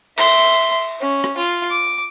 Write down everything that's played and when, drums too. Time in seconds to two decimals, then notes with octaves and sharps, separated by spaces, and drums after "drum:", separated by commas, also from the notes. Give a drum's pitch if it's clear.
0.17 E5 C6, drum: cymbal
1.01 C#4
1.24 drum: rim click
1.37 F4
1.70 D6